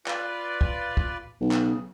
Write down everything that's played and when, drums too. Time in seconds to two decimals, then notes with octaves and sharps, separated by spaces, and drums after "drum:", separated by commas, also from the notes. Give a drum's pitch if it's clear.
0.06 F4 B4 D5, drum: clap
0.61 drum: kick
0.97 drum: kick
1.41 B1
1.51 drum: clap
1.60 C#3